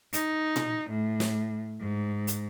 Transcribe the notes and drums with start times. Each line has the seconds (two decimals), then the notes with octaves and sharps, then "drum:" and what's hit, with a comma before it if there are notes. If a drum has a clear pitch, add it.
0.13 D#4, drum: hi-hat
0.56 drum: tom A#2
0.90 A2
1.20 drum: snare
1.80 G#2
2.27 drum: hi-hat